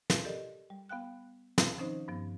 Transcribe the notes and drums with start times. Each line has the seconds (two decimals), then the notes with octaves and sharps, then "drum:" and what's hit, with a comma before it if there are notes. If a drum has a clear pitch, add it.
0.10 drum: snare
0.25 G4 A4 A#4 D5 D#5
0.70 G3
0.89 B3 F5 G5 F#6
1.58 F5, drum: snare
1.78 D#3 F3 C4 C#4 D#4 C5
2.08 G2 F3 B3